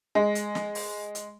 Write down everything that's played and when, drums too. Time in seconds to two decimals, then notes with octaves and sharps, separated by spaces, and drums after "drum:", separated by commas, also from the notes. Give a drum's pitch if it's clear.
0.15 G#3
0.35 drum: hi-hat
0.55 drum: snare
0.75 drum: open hi-hat
1.15 drum: hi-hat